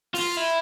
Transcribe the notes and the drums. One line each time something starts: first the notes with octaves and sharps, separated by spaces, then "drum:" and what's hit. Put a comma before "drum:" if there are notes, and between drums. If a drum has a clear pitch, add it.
F4, drum: open hi-hat
E4